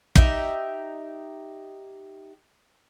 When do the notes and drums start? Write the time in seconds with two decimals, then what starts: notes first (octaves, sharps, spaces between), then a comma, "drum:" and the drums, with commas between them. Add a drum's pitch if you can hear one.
0.16 D#4 G4 E5, drum: kick